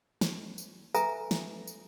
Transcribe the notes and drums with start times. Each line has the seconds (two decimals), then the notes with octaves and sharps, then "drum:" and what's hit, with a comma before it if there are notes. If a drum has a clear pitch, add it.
0.21 drum: snare
0.58 drum: tambourine
0.94 A4 B4 E5 G#5 A#5, drum: tambourine
1.31 drum: snare
1.67 drum: tambourine